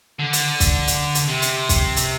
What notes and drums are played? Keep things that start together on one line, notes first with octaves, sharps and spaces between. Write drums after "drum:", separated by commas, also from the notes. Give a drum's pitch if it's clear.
D3
drum: hi-hat
drum: kick, hi-hat
drum: hi-hat
drum: hi-hat
C3
drum: hi-hat
drum: kick, hi-hat
drum: hi-hat